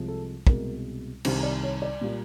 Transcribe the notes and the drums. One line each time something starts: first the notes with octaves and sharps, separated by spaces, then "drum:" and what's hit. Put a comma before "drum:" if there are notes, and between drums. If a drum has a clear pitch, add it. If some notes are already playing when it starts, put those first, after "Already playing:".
Already playing: C2 C3 F3 G#3
A4
C2 B2 G#3 A#4, drum: kick
C2 C3 D#3 G3 C5, drum: cymbal
D5
C#5
D5
A#2 G3 A#3